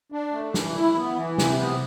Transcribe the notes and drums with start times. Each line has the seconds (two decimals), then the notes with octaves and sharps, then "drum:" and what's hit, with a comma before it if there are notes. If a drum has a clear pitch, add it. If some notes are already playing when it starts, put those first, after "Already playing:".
0.12 D4
0.33 A3
0.54 E3, drum: snare
0.75 E4
0.96 B3
1.16 E3
1.38 C3, drum: snare
1.59 B3